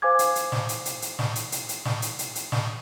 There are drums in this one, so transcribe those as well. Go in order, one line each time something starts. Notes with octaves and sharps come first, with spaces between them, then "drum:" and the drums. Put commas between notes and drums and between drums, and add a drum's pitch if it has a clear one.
C5 F5 G#5 D6 G#6
drum: hi-hat
drum: hi-hat
drum: snare
drum: hi-hat
drum: hi-hat
drum: hi-hat
drum: snare
drum: hi-hat
drum: hi-hat
drum: hi-hat
drum: snare
drum: hi-hat
drum: hi-hat
drum: hi-hat
drum: snare